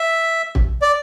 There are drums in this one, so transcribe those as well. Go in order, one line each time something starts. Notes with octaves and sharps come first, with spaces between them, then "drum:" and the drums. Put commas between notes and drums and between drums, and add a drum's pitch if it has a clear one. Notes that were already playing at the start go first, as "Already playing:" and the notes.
Already playing: E5
drum: kick
D5